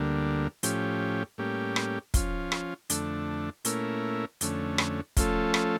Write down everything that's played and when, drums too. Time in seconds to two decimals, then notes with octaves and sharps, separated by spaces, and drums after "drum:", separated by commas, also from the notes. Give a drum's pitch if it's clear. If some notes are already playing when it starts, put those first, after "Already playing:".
Already playing: D2 D3 G3 A#3
0.63 A2 F3 C#4 G4, drum: hi-hat
1.38 A2 G3 A#3 C#4 G4
1.76 drum: rim click
2.14 F3 C#4 F4, drum: kick, hi-hat
2.52 drum: rim click
2.90 F2 D3 A3 D4, drum: hi-hat
3.65 A#2 A3 C#4 E4 A#4, drum: hi-hat
4.41 F2 D3 A3 C#4, drum: hi-hat
4.78 drum: rim click
5.17 F3 A3 C#4 F4 A4, drum: kick, hi-hat
5.54 drum: rim click